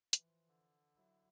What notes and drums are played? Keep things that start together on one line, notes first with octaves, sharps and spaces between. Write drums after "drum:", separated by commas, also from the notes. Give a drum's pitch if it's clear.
E3 F3, drum: hi-hat
D3
F#3 E4